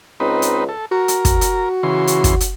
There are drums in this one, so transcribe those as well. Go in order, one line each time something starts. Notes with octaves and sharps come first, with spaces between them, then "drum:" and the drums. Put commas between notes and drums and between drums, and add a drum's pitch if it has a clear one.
C#2 C4 D#4 B4
drum: hi-hat
A4
F#4 A#4
drum: hi-hat
drum: kick, hi-hat
drum: hi-hat
C#3 E3 C6
drum: hi-hat
drum: kick, hi-hat
drum: hi-hat